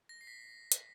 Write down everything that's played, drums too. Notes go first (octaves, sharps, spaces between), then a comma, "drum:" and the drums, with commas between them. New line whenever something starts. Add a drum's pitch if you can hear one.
A#6
C7
B6
drum: hi-hat